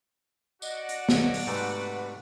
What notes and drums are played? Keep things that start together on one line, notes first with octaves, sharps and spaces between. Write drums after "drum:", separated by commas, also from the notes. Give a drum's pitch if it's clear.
F#4 D5 D#5 F#5, drum: tambourine
drum: hi-hat
B1 D#5, drum: snare
drum: open hi-hat
G#2 C3 A3 B4